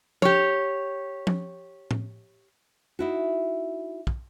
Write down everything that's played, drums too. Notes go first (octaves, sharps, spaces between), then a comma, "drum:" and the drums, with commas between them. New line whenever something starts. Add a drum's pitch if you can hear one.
G4 C#5, drum: tom F3
drum: tom F3
drum: tom A2
D#4 E4 F#4
drum: kick